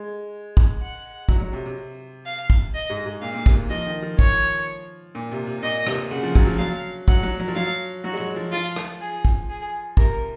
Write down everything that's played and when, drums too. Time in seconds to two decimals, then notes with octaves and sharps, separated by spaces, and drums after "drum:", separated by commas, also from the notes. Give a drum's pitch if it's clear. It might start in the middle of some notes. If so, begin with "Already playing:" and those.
Already playing: G#3
0.57 drum: kick
0.82 F#5
1.29 F#3, drum: kick
1.41 F#3
1.53 C3
1.66 C3
2.26 F5
2.50 drum: kick
2.74 D#5
2.90 G#2
3.06 G#2
3.22 A#2 F5
3.35 A#2
3.46 C3, drum: kick
3.70 F3 D#5
3.86 D#3
4.02 F3
4.19 C#5, drum: kick
5.15 A#2
5.32 C3
5.47 C3
5.63 A#2 D#5
5.87 C3, drum: rim click
6.11 C#3 F#5
6.23 F3
6.35 F#3, drum: kick
6.47 F3
6.59 F#3 F5
7.08 F#3 F#5, drum: kick
7.23 F#3
7.40 F#3
7.48 F3
7.56 F#3 F5
8.04 F#3 F#4
8.13 G#3
8.20 F#3
8.36 F3
8.52 F3 F4
8.76 drum: rim click
9.01 G#4
9.25 drum: kick
9.49 G#4
9.97 C3 A#4, drum: kick